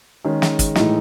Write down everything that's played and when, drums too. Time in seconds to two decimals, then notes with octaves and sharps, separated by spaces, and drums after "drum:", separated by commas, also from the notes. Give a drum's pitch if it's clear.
0.24 D#3 G#3 C#4 G#4
0.42 drum: snare
0.59 drum: kick, hi-hat
0.75 A2 E3 G#3 D#4, drum: snare